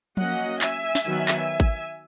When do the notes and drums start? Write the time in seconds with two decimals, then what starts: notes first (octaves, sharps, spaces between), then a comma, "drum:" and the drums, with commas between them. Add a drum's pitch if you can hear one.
0.17 F#3 A#3 C#4 D#5 F#5, drum: tom F3
0.61 E5 G#5, drum: clap
0.95 drum: snare
1.05 D#3 F#3 B3
1.28 drum: clap
1.60 drum: kick G#1